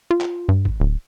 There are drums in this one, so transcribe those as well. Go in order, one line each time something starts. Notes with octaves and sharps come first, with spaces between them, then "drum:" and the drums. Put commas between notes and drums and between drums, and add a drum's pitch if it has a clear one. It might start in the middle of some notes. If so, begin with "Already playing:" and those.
F4
drum: clap
G2
drum: kick G#1
D1